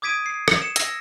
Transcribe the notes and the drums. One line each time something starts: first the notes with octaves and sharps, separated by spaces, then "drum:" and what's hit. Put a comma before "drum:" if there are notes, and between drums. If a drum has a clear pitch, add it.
D6 D#6 G#6 B6 D7 D#7
C7
drum: rim click
C#7 E7
E6 A#6, drum: hi-hat